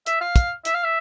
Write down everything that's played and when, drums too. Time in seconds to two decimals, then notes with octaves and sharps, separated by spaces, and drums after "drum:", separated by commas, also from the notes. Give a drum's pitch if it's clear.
0.06 E5, drum: hi-hat
0.21 F5
0.36 drum: kick, hi-hat
0.65 E5, drum: hi-hat
0.74 F5
0.84 E5